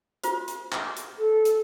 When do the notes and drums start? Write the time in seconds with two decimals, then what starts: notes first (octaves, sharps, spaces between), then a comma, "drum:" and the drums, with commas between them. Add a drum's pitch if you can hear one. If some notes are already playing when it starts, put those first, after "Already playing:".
0.24 F4 F#4 C5, drum: hi-hat
0.48 drum: hi-hat
0.72 drum: clap
0.97 drum: hi-hat
1.18 A4
1.45 drum: hi-hat